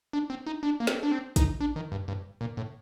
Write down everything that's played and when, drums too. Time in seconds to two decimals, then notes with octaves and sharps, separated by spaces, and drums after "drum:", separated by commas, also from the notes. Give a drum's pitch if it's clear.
0.13 D4
0.30 C4
0.47 D#4
0.63 D4
0.80 A#3
0.87 C4, drum: snare
1.03 D4
1.11 C4
1.36 D#4, drum: kick, hi-hat
1.60 D4
1.76 D#3
1.92 G2
2.08 G2
2.41 A#2
2.57 A2